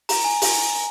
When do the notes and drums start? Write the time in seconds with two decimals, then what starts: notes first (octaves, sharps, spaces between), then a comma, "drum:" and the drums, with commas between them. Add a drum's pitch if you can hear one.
0.09 A#5, drum: open hi-hat
0.24 G#5
0.42 drum: open hi-hat